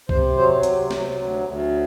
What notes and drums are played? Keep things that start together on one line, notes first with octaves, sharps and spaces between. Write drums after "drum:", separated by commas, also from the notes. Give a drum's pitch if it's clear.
C3 C5, drum: kick
F#3 C5
C3, drum: hi-hat
F#3, drum: snare
D2
D2